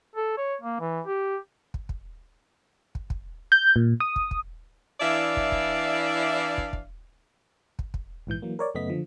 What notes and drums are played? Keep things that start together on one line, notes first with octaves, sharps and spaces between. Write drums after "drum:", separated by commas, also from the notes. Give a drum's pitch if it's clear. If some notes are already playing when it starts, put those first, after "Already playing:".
A4
C#5
A#3
E3
G4
drum: kick
drum: kick
drum: kick
drum: kick
G6
A#2
D#6
drum: kick
drum: kick
E3 D4 E4 D5 E5 F5
drum: kick
drum: kick
drum: kick
drum: kick
drum: kick
drum: kick
A#1 G#2 E3 G6
E3 F#3 A#3
A#4 C#5 D5
F#2 C#3 A3 B3 D#5 B6
D3 F3